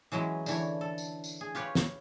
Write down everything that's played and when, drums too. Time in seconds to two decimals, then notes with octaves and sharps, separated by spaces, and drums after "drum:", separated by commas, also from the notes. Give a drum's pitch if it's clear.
0.12 E3 F#3 G#3 C#4
0.46 D3 E3 C#5, drum: tambourine
0.81 A4
0.98 drum: tambourine
1.24 drum: tambourine
1.41 G#4
1.55 F4 G4 B4 C#5
1.75 drum: snare